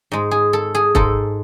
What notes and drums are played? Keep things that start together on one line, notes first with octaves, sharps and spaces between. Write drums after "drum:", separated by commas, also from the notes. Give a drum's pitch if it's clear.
G#2 G#3
G#4
A4
G#4
G#2 G#3 A4, drum: kick